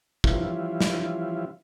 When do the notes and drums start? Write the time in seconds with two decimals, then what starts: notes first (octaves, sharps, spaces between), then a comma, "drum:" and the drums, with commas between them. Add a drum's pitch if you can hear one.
0.24 E3 F3 G3 C#4 E4 F4, drum: kick
0.80 drum: snare